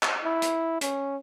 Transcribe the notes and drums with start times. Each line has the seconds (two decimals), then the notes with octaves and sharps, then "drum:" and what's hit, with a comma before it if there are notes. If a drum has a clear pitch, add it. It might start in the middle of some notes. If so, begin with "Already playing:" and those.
0.03 drum: clap
0.25 E4
0.42 drum: hi-hat
0.81 C#4, drum: hi-hat